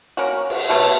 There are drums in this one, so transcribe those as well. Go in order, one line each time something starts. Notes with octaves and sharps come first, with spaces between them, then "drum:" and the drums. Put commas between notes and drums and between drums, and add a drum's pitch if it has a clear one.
A#3 C#4 F#4
drum: cymbal
B2 F#3 A3